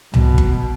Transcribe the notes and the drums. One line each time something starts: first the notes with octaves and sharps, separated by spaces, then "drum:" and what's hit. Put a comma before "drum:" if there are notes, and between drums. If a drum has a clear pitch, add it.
B2, drum: tom C2
drum: kick G1